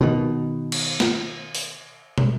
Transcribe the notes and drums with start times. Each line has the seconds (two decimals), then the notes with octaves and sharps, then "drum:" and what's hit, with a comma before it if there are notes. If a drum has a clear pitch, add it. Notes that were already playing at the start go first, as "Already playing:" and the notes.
0.01 B2 D#3
0.72 drum: cymbal
1.00 drum: snare
1.55 drum: open hi-hat
2.18 drum: tom